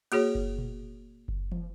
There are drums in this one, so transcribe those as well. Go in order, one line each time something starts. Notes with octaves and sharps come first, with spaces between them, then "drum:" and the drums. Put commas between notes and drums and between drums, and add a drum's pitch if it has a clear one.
A#3 F#4 G#4 C#5, drum: cymbal
drum: kick F#1
drum: tom A#2
drum: kick F#1
drum: tom E3